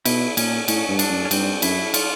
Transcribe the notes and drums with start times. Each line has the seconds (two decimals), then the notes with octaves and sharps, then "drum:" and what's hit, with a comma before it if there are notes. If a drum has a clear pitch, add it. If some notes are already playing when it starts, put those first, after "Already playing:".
0.05 B2 E4, drum: cymbal
0.37 A#2 C#4, drum: cymbal
0.68 A2 C#4, drum: cymbal
0.89 G2
0.99 D4, drum: cymbal
1.10 F#2
1.25 C#4
1.31 G2 C4, drum: cymbal
1.62 F#2 E4, drum: cymbal
1.94 F4, drum: cymbal